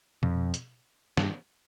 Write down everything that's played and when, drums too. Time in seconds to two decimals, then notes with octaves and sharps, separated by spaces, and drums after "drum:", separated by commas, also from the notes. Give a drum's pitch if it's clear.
0.23 F2, drum: tom B2
0.54 drum: hi-hat
1.17 G2, drum: snare